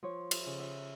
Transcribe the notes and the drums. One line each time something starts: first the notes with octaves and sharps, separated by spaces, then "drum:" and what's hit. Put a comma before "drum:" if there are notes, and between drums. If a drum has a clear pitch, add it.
F3 C#5
E5, drum: cymbal
C#3
E5